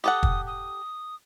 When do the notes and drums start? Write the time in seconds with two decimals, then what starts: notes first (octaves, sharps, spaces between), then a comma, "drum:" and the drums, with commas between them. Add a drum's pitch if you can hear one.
0.04 G4 A4 F#5 D#6
0.23 drum: kick
0.47 D#6